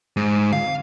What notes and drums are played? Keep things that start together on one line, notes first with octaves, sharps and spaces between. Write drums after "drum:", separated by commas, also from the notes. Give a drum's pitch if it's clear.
G#2
F5, drum: tom D3